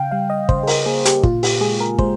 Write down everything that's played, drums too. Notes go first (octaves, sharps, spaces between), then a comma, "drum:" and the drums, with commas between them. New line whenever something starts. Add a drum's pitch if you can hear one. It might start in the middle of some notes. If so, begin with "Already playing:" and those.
Already playing: C#3 F5 G5
G3 F5
D#5
C#3 C5, drum: kick
G#4
A#4, drum: open hi-hat
A#3 G#4
G4, drum: hi-hat
A#2 F4, drum: kick
G4, drum: open hi-hat
G#3 G#4
A#4
G#3 C5, drum: kick